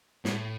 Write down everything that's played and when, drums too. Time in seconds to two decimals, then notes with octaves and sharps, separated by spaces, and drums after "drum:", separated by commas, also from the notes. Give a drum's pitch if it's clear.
0.25 A2, drum: snare